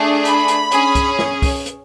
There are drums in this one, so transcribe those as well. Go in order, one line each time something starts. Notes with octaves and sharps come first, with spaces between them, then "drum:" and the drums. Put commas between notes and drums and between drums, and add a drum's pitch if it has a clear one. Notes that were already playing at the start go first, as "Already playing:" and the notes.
Already playing: A3 D4 G#4
B5, drum: hi-hat
drum: hi-hat
C#4 G#4, drum: hi-hat
drum: kick C2, hi-hat
drum: snare
drum: kick C2, open hi-hat
drum: hi-hat